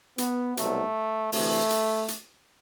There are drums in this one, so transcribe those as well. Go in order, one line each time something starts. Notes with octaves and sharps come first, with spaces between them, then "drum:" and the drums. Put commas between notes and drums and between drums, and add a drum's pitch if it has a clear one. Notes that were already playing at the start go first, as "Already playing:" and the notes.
B3, drum: hi-hat
C2 B2 F#3 A3, drum: hi-hat
D2 C3 E3 A3, drum: open hi-hat
drum: hi-hat
drum: hi-hat